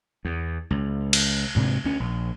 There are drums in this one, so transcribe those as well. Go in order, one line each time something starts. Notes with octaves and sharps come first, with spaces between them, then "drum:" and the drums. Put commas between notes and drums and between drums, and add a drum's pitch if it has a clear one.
E2
C#2
drum: cymbal
D2 G#2 C3
D2 C#4
A#1